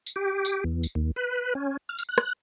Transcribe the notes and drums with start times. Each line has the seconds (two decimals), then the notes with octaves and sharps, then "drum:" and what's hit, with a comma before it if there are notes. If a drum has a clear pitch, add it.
0.07 drum: tambourine
0.16 G4
0.45 drum: tambourine
0.64 E2
0.83 drum: tambourine
0.95 D#2
1.16 B4
1.55 C#4
1.89 F6
1.98 drum: tambourine
2.09 F#6
2.18 drum: rim click